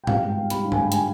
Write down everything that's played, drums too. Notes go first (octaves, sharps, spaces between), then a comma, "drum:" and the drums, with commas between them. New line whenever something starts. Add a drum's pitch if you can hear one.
G5
G3 F5, drum: tom G2
G#2
G5
G#2
G3 B5, drum: hi-hat
D4
G#5, drum: tom G2
G#2 G5
G#5, drum: hi-hat